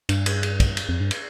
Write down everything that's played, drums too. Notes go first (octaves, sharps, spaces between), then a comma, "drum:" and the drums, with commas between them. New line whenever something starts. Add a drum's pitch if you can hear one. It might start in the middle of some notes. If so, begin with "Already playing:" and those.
G2, drum: cymbal
drum: cymbal
drum: cymbal
drum: kick, cymbal
drum: cymbal
F2
G2
drum: cymbal